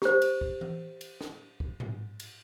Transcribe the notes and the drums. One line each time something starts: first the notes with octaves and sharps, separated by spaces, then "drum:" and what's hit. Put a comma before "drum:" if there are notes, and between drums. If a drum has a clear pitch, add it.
G4 C5, drum: snare
drum: cymbal
drum: kick
drum: tom E3
drum: cymbal
drum: snare
drum: kick
drum: tom G#2
drum: cymbal